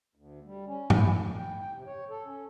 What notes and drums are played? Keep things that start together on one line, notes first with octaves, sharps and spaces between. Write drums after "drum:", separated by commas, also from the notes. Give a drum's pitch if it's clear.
D2
G3
C#4
E4, drum: tom G2
E2
G5
G5
C3
C#5
A4
C#4